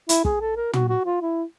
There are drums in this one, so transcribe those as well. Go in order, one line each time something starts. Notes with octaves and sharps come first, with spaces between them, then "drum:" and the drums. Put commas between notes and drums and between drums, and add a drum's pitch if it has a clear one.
E4, drum: hi-hat
G#4, drum: kick
A4
A#4
F#4, drum: tom
F#4
F4
E4